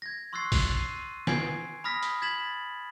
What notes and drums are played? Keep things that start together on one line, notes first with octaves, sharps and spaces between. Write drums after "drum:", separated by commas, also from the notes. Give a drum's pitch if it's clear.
G#6 A#6
C6 C#6 E6 F#6 A6 C7
drum: kick, open hi-hat
C7 D#7
G#5 G#6 C7 D7, drum: snare
B5 D#6 F6 A#6 B6
drum: hi-hat
G#6 A6 B6 E7 F#7